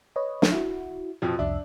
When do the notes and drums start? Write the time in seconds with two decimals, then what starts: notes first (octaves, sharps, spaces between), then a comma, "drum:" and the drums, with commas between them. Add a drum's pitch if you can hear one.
0.16 B4 C#5 D#5
0.42 drum: snare
0.52 E4 F#4
1.22 F2 B2 F3
1.39 C2 F2 D4 E5